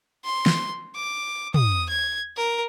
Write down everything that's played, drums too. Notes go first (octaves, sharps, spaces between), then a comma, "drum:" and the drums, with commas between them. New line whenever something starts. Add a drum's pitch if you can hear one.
C6
drum: snare
D6
D#6, drum: tom
G#6
A#4